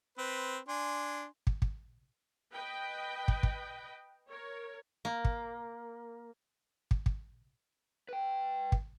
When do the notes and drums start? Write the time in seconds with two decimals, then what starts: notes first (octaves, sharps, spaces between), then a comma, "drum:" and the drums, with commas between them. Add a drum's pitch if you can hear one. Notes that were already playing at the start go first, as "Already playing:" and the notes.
0.18 C4 B4
0.69 D4 G#5 C6
1.47 drum: kick
1.62 drum: kick
2.53 B4 D#5 G5
3.28 drum: kick
3.43 drum: kick
4.29 A#4 C#5
5.05 A#3
5.25 drum: kick
6.91 drum: kick
7.06 drum: kick
8.09 B4 G5
8.72 drum: kick